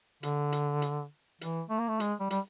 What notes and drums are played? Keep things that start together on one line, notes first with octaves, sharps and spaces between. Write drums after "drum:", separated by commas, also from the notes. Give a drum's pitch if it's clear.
D3, drum: hi-hat
drum: hi-hat
drum: hi-hat
E3, drum: hi-hat
A3
A#3
A3
G#3, drum: hi-hat
G3
G3, drum: hi-hat